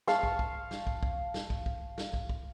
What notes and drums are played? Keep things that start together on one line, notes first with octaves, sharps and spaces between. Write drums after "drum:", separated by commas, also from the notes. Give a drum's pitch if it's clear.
F5 A5 C#6, drum: snare
drum: kick
drum: kick
drum: snare
drum: kick
drum: kick
drum: snare
drum: kick
drum: kick
drum: snare
drum: kick
drum: kick